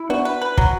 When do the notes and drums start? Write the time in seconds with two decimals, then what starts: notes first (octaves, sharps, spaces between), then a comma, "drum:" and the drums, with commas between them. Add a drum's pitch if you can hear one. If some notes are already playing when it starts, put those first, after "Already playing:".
Already playing: E4
0.10 B3 D4 F#4
0.25 B4
0.41 B4
0.57 F#3, drum: kick